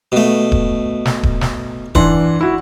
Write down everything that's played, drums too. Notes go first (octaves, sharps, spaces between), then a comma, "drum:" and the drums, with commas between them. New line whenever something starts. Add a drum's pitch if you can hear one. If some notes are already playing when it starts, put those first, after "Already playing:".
B2 A3
drum: kick D#1
drum: snare
drum: kick D#1
drum: snare
E3 D4 F#5 C6, drum: kick D#1
E4 F#4